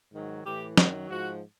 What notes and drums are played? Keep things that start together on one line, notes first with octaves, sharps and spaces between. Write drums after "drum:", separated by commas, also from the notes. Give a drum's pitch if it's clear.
G#2 D#3 F#3
A2 E3 G4
F#2 D#3 F#3, drum: snare
G#2 F3 F#4